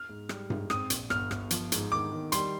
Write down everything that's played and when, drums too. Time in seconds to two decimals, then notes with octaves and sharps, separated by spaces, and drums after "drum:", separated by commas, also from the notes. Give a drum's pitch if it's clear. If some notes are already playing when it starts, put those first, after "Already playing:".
Already playing: F6
0.09 G#2
0.29 G3, drum: rim click
0.50 G#2, drum: tom G2
0.70 C4 D#6, drum: rim click
0.90 A#1, drum: hi-hat
1.10 G1 F6, drum: rim click
1.31 G1, drum: rim click
1.51 F3, drum: hi-hat
1.72 G#2, drum: hi-hat
1.92 D#3 D6
2.12 D#3
2.32 G3 C6, drum: hi-hat